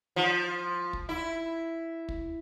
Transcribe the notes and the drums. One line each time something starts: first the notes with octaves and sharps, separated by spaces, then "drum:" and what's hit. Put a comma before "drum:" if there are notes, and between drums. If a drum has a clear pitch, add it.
F3
drum: kick
E4
drum: kick